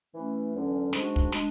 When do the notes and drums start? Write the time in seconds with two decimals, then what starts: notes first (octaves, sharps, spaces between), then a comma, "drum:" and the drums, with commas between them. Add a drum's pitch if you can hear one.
0.14 E3 A3 C#4
0.54 E2 D3 F#3 C#4
0.93 G#2 G#3 D4 F#4, drum: snare
1.16 drum: kick
1.32 G#3 D4, drum: snare